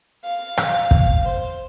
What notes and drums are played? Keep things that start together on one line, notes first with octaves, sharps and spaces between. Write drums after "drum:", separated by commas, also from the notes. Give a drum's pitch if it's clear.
F5
drum: rim click
drum: kick
C5